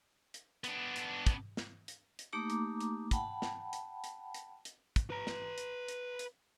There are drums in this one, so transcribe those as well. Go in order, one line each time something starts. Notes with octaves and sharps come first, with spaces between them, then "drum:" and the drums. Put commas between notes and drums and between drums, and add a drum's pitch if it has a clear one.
drum: hi-hat
B3 D4, drum: hi-hat
drum: hi-hat
drum: kick, hi-hat
drum: snare
drum: hi-hat
drum: hi-hat
A3 A#3 D#4 G4 A#5 D6
drum: hi-hat
drum: hi-hat
F#5 G5 A5 B5, drum: kick, hi-hat
drum: snare
drum: hi-hat
drum: hi-hat
drum: hi-hat
drum: hi-hat
drum: kick, hi-hat
B4 A#5
drum: snare
drum: hi-hat
drum: hi-hat
drum: hi-hat